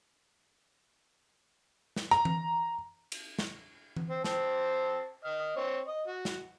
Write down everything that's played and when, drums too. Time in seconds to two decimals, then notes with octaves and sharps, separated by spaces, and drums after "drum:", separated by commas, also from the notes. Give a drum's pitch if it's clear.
1.96 drum: snare
2.11 A#5, drum: rim click
2.25 drum: tom E3
3.12 drum: cymbal
3.39 drum: snare
3.96 drum: tom E3
4.10 C4
4.24 C4 C5 A5, drum: snare
5.25 D#5 F6
5.56 C4 C#5
5.87 D#5
6.07 F#4
6.25 drum: snare